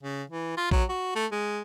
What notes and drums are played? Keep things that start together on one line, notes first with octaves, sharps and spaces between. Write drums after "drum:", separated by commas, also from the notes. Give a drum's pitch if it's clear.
C#3
E3
F4
F#3, drum: kick A#1
F#4
A3
G#3